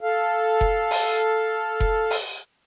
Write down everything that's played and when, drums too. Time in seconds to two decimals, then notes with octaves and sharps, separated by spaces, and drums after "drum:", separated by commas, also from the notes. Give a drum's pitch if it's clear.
0.01 A4 F5
0.61 drum: kick F1
0.91 drum: open hi-hat
1.80 drum: kick F1
2.10 drum: open hi-hat